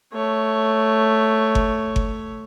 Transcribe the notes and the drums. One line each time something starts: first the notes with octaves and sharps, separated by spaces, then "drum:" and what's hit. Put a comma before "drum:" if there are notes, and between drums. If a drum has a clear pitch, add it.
A3 C#5
drum: kick G1
drum: kick G1